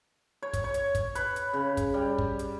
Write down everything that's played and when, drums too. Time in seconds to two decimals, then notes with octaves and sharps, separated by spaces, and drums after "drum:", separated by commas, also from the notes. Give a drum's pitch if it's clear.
0.42 C#5
0.53 drum: kick, hi-hat
0.64 C#5
0.74 drum: hi-hat
0.95 drum: kick, hi-hat
1.15 B4, drum: hi-hat
1.36 drum: hi-hat
1.53 C#3
1.77 drum: kick, hi-hat
1.94 G3
2.18 drum: kick
2.39 drum: hi-hat